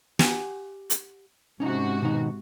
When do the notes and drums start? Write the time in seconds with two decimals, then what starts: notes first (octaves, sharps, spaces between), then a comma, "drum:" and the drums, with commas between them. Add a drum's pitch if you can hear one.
0.19 G4 F#5 G#5, drum: snare
0.90 drum: hi-hat
1.60 G#2 C3 C#4 D#4 F#4
2.02 B2 D#3 D#4